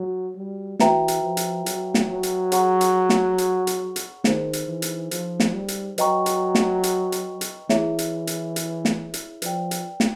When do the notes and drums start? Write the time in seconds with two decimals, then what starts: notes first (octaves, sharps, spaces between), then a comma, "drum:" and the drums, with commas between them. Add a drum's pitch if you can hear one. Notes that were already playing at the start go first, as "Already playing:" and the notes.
Already playing: F#3 F#4
0.36 G3
0.80 E3 F#4 B4 E5 G5 A#5, drum: snare
1.08 drum: hi-hat
1.23 F3
1.37 drum: hi-hat
1.66 F#3, drum: hi-hat
1.94 drum: snare
2.09 F#3
2.23 drum: hi-hat
2.52 G#4 C#5 F#5 A#5 C#6, drum: hi-hat
2.81 drum: hi-hat
3.09 drum: snare
3.38 drum: hi-hat
3.67 drum: hi-hat
3.96 drum: hi-hat
4.24 D#3 D#4 G#4 C5, drum: snare
4.53 drum: hi-hat
4.68 E3
4.82 drum: hi-hat
5.11 F3, drum: hi-hat
5.40 drum: snare
5.54 G3
5.68 drum: hi-hat
5.98 F#3 B4 D#5 G5 A#5 C#6, drum: hi-hat
6.26 drum: hi-hat
6.55 drum: snare
6.83 drum: hi-hat
7.12 drum: hi-hat
7.41 drum: hi-hat
7.69 E3 E4 G#4 C#5 E5, drum: snare
7.99 drum: hi-hat
8.27 drum: hi-hat
8.56 drum: hi-hat
8.85 drum: snare
9.14 drum: hi-hat
9.42 F3 B4 D5 G5, drum: hi-hat
9.71 drum: hi-hat
10.00 drum: snare